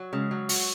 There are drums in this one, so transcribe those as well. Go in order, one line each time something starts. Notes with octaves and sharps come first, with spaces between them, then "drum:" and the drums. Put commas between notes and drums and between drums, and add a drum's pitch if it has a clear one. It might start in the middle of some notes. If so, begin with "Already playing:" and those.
Already playing: F#3
C#3 G#3
F#3
F#4, drum: open hi-hat